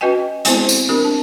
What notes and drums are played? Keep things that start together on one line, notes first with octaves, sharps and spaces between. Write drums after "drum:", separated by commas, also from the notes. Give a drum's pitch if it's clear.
C#4 F#4 B4 D#5 G5 G#5
G#3 B3 C4 E4 C5 A5, drum: hi-hat
drum: tambourine
C4 D4 G4 A#4
A5